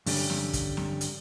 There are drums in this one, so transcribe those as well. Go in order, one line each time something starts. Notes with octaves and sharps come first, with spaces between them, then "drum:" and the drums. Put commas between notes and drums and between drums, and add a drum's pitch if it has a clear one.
G2 D3 G3 C#4, drum: open hi-hat
drum: snare
drum: kick, hi-hat
drum: snare
drum: hi-hat